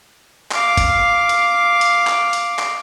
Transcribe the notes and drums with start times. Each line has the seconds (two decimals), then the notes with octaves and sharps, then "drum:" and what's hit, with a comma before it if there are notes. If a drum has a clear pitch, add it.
0.52 F5 D6, drum: clap
0.77 drum: kick, hi-hat
1.29 drum: hi-hat
1.81 drum: hi-hat
2.07 drum: clap
2.33 drum: hi-hat
2.59 drum: clap